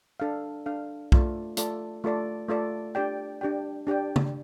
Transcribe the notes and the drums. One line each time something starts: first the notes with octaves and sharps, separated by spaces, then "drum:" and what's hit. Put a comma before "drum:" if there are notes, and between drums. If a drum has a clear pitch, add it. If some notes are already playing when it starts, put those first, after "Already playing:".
D4 A4 F5
D4 A4 F5
A3 F4 A4 D5, drum: kick
A3 F4 A4 D5, drum: hi-hat
A3 F4 A4 D5
A3 F4 A4 D5
D4 G4 D5 G5
D4 G4 D5 G5
D4 G4 D5 G5
drum: tom